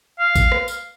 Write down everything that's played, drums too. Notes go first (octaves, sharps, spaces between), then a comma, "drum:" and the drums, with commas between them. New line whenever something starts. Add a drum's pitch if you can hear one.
F5
drum: kick A#1, tambourine
drum: rim click
drum: tambourine